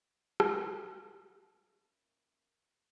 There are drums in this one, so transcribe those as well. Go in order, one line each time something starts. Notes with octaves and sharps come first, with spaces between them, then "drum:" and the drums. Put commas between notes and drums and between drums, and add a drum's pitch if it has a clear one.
drum: rim click
A#3 C#4 D4 E4 F4